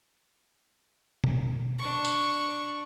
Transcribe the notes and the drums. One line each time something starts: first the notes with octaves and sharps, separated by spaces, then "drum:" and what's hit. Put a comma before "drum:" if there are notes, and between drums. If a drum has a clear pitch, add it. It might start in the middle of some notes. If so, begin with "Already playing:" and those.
drum: tom B2
D4 C#6
drum: tambourine